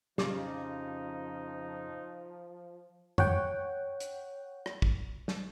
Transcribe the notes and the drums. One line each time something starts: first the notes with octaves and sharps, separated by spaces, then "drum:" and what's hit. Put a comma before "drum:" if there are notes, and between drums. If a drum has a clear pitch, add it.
F2 C#3 F3 D#4 G4 D6, drum: snare
C#5 F#5 G5, drum: tom F2
drum: hi-hat
drum: rim click
drum: kick
drum: snare